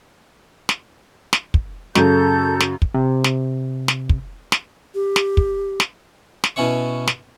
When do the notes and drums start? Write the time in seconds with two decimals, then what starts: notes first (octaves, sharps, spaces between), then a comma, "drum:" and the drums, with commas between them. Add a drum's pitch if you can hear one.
0.69 drum: snare
1.33 drum: snare
1.54 drum: kick
1.95 F#2 C#3 A4 G6, drum: snare
2.60 drum: snare
2.82 drum: kick
2.94 C3
3.24 drum: snare
3.88 drum: snare
4.09 drum: kick
4.52 drum: snare
4.95 G4
5.16 drum: snare
5.37 drum: kick
5.80 drum: snare
6.44 drum: snare
6.56 B2 C#4 E4 C#5 C#6
7.07 drum: snare